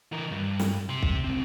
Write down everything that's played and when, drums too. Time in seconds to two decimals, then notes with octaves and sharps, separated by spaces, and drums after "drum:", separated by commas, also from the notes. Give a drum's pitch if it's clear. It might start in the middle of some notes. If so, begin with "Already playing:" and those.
0.13 E3 A#4
0.32 G2
0.59 drum: snare
0.89 C3 C6
1.03 drum: kick
1.24 C#2 C4